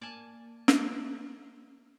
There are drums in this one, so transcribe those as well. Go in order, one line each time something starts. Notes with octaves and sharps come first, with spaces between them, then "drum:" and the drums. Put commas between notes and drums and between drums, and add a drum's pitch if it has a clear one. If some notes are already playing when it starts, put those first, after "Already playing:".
A#3 D5 G#5 A5
drum: snare